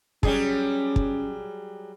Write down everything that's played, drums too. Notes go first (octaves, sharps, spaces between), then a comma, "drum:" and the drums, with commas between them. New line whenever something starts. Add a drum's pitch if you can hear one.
F#3 G3 C#4 G#4, drum: kick
drum: kick